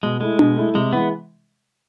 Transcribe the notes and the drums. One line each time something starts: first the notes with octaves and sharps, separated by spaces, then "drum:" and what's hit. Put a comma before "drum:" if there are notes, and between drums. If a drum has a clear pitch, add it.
B2 G#3
G#3 A3 E4
B2, drum: tom D4
A3 E4
C3 G#3
E3 G#3 B3